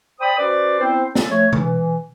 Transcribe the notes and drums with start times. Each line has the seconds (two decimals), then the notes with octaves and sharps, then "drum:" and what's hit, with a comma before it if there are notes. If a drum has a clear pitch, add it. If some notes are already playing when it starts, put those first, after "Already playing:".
0.20 C5 D5 G5 B5 D#6
0.38 C#4 F#4 B4 C5 D5
0.80 B3 C4 E4 C5
1.15 F4 A4, drum: snare
1.29 F3 A3 C#5
1.53 E3, drum: tom B2